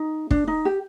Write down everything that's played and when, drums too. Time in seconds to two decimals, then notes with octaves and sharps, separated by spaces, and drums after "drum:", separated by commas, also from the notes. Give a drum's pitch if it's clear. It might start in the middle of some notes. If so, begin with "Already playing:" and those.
Already playing: D#4
0.31 D4, drum: kick
0.48 D#4
0.65 G4